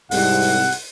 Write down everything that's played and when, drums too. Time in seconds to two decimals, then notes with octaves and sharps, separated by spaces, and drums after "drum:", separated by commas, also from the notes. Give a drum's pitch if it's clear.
0.11 C2 G#2 F#5, drum: open hi-hat
0.42 drum: open hi-hat
0.72 drum: hi-hat